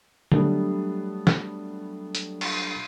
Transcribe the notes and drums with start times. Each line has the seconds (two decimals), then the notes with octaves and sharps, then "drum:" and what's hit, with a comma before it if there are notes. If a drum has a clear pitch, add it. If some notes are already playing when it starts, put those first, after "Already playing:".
0.32 F#3 G3 A3 B3 D4, drum: tom D3
1.27 drum: snare
2.15 drum: hi-hat
2.41 drum: cymbal